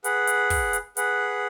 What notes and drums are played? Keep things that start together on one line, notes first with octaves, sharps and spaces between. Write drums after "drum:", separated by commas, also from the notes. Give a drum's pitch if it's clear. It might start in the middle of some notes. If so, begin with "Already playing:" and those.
G#4 B4 F#5, drum: hi-hat
drum: hi-hat
drum: kick, open hi-hat
drum: hi-hat
G#4 B4 F#5, drum: hi-hat